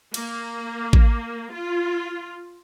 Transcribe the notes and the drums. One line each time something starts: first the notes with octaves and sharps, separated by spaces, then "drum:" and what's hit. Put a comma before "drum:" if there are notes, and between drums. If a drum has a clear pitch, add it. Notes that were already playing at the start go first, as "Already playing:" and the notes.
A#3, drum: cymbal
drum: kick A1
F4